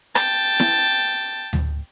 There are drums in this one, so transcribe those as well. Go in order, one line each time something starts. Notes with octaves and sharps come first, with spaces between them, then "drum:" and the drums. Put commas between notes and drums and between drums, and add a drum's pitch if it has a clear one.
G5 A5, drum: rim click
drum: snare E4
drum: tom D2